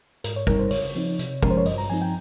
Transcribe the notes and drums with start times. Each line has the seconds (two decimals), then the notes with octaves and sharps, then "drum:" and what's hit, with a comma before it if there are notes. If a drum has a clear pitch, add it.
0.24 G#2 A#4, drum: hi-hat
0.36 C#5
0.47 G3 C4 D#4 A#4, drum: kick
0.59 C5
0.71 C#3 C#5, drum: open hi-hat
0.95 F3 C4 D#4
1.19 C3, drum: hi-hat
1.43 F3 G#3 C#4 A#4, drum: kick
1.50 C5
1.58 C#5
1.66 G2 D#5, drum: open hi-hat
1.78 A#5
1.90 F3 C4 D#4 G#5
2.02 G5